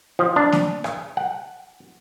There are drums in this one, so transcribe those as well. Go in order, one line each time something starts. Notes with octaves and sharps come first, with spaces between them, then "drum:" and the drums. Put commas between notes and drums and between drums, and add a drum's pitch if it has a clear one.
F3
D4
drum: snare
drum: rim click
F#5